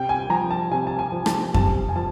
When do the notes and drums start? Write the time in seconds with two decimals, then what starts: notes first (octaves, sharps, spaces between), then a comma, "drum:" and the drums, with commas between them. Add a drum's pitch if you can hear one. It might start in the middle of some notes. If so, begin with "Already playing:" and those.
Already playing: C3 G5
0.09 G#5
0.30 F3 A#5
0.50 A5
0.71 C3 G#5
0.87 A5
0.99 G#5
1.12 F3
1.26 A5, drum: rim click
1.54 C3 A5, drum: kick F2
1.89 G#5
1.96 F3 A5